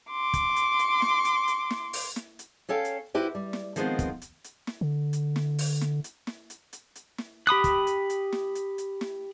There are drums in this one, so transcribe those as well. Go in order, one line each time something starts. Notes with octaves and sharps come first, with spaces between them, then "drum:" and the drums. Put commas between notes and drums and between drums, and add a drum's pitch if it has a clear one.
C6 D6
drum: kick, hi-hat
drum: hi-hat
drum: hi-hat
drum: snare
drum: hi-hat
drum: hi-hat
drum: snare
drum: open hi-hat
drum: snare
drum: hi-hat
C#4 A4 C#5 F5 G5
drum: hi-hat
E4 F#4 G4 B4 C5
G3
drum: snare
D#3 F3 G#3 B3 C4, drum: hi-hat
drum: kick, hi-hat
drum: hi-hat
drum: hi-hat
drum: snare
D3
drum: hi-hat
drum: snare
drum: open hi-hat
drum: snare
drum: hi-hat
drum: snare
drum: hi-hat
drum: hi-hat
drum: hi-hat
drum: snare
G4 B5 D#6 F#6
drum: kick, hi-hat
drum: hi-hat
drum: hi-hat
drum: snare
drum: hi-hat
drum: hi-hat
drum: snare